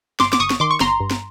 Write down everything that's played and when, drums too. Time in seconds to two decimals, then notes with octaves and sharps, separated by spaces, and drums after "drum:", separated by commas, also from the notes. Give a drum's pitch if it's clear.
0.20 G1 C6 D6, drum: snare
0.33 D6, drum: snare
0.40 G1 C#6 D#6
0.50 drum: snare
0.60 D#3 C6 D6
0.71 C#6
0.80 G1 A#5 C6, drum: snare
1.00 G2
1.11 drum: snare